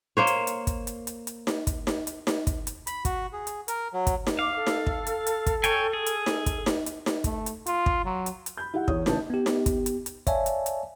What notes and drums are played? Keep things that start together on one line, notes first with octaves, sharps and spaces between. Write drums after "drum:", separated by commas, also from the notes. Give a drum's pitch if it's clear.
A#3 C5 C#5
drum: hi-hat
drum: hi-hat
drum: kick, hi-hat
drum: hi-hat
drum: hi-hat
drum: hi-hat
drum: snare D#4
drum: kick, hi-hat
drum: snare D#4
drum: hi-hat
drum: snare D#4
drum: kick, hi-hat
drum: hi-hat
B5, drum: hi-hat
F#4, drum: kick, hi-hat
G#4
drum: hi-hat
A#4, drum: hi-hat
F#3
drum: kick, hi-hat
drum: snare D#4
F5 D6
A4
drum: snare D#4
drum: kick
drum: hi-hat
drum: hi-hat
drum: kick, hi-hat
C#5 G5 G#5, drum: hi-hat
G#4
drum: hi-hat
drum: snare D#4
drum: kick, hi-hat
drum: snare D#4
drum: hi-hat
drum: snare D#4
A3, drum: kick, hi-hat
drum: hi-hat
F4, drum: hi-hat
drum: kick
F#3
drum: hi-hat
drum: hi-hat
B5 G6
E4 G4 E5 F#5
E2 C#5 D#6, drum: kick
A1 E2 C#3 B4 C#5 A5, drum: snare D#4
B3 G4
drum: snare D#4
drum: kick, hi-hat
drum: hi-hat
drum: hi-hat
C#5 D5 E5 F5 G#5 A5, drum: kick, hi-hat
drum: hi-hat
drum: hi-hat